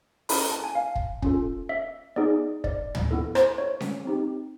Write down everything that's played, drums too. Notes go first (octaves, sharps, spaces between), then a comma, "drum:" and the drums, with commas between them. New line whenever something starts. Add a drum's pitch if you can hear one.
C#4 E4 A4 B5, drum: open hi-hat
A#5
A5
G#5
F5
drum: kick
C#4 F4 A4, drum: kick
E5
B3 D#4 G#4 D5
D5, drum: kick
drum: tom
B3 E4 A4
C5, drum: rim click
C#5
drum: snare C#4
C4 D#4 G4